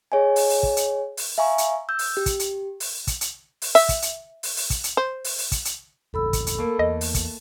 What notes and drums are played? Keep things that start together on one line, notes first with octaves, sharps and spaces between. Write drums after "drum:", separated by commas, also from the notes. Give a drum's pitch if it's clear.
G#4 C#5 D#5 G#5
drum: open hi-hat
drum: open hi-hat
drum: kick
drum: hi-hat
drum: open hi-hat
E5 F5 G#5 A#5 C#6
drum: hi-hat
E6 G6
drum: open hi-hat
G4
drum: kick, hi-hat
drum: hi-hat
drum: open hi-hat
drum: kick, hi-hat
drum: hi-hat
drum: open hi-hat
E5, drum: open hi-hat
drum: kick, hi-hat
drum: hi-hat
drum: open hi-hat
drum: open hi-hat
drum: kick, hi-hat
drum: hi-hat
C5
drum: open hi-hat
drum: open hi-hat
drum: kick, hi-hat
drum: hi-hat
E1 A1 A4 B5 E6
drum: kick, hi-hat
drum: hi-hat
A3 A#3
E2 D#5
drum: open hi-hat
drum: kick, hi-hat